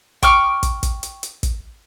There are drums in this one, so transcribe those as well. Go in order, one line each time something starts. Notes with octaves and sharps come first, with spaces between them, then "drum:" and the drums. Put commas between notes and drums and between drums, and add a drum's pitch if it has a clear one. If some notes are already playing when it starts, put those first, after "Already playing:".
G5 C#6 D6 F6, drum: kick, hi-hat
drum: kick, hi-hat
drum: kick, hi-hat
drum: hi-hat
drum: hi-hat
drum: kick, hi-hat